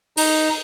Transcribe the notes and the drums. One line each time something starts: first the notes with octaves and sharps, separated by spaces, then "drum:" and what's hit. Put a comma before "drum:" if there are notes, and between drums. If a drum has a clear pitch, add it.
D#4, drum: open hi-hat